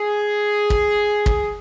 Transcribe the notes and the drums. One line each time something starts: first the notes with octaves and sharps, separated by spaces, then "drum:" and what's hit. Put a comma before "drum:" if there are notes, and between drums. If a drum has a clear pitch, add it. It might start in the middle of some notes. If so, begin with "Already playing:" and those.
Already playing: G#4
drum: kick
drum: kick